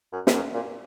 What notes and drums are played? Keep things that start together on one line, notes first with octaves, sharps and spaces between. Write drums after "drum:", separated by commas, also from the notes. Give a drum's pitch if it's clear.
F#2
E2, drum: snare
F#2
A#2